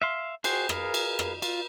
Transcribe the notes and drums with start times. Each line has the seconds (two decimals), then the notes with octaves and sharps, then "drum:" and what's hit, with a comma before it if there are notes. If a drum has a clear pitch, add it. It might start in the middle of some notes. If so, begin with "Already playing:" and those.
0.02 E5 F5 C6
0.44 F#4 G#4 C5 G5, drum: cymbal
0.69 G#4 A#4 B4 F5, drum: rim click
0.94 drum: cymbal
1.19 drum: rim click
1.42 F4, drum: cymbal